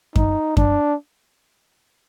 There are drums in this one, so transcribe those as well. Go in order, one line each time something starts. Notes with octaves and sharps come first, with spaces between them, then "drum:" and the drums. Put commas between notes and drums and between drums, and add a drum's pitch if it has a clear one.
D#4, drum: kick F#2
D4, drum: kick F#2